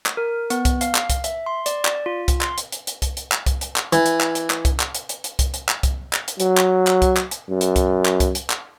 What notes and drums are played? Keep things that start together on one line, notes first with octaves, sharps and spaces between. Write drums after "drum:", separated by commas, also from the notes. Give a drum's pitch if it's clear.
drum: clap
A#4
B3, drum: hi-hat
drum: kick C2, hi-hat
F5, drum: hi-hat
drum: clap
drum: kick C2, hi-hat
E5, drum: hi-hat
C6
D5, drum: hi-hat
D5, drum: clap
F4
drum: kick C2, hi-hat
C6, drum: clap
drum: hi-hat
drum: hi-hat
drum: hi-hat
drum: kick C2, hi-hat
drum: hi-hat
drum: clap
drum: kick C2, hi-hat
drum: hi-hat
drum: clap
E3, drum: hi-hat
drum: hi-hat
drum: clap
drum: hi-hat
drum: clap
drum: kick C2, hi-hat
drum: clap
drum: hi-hat
drum: hi-hat
drum: hi-hat
drum: kick C2, hi-hat
drum: hi-hat
drum: clap
drum: kick C2, hi-hat
drum: clap
drum: hi-hat
F#3, drum: hi-hat
drum: clap
drum: clap
drum: kick C2, hi-hat
drum: clap
drum: hi-hat
F#2
drum: hi-hat
drum: kick C2, hi-hat
drum: clap
drum: kick C2, hi-hat
drum: hi-hat
drum: clap